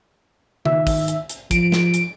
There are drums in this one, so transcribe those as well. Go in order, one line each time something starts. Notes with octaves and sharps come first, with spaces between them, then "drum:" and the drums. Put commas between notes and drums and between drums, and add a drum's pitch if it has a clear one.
D#3 E5, drum: tom C#3
drum: kick, open hi-hat
drum: hi-hat
drum: hi-hat
F3 D7, drum: kick, hi-hat
drum: snare
drum: hi-hat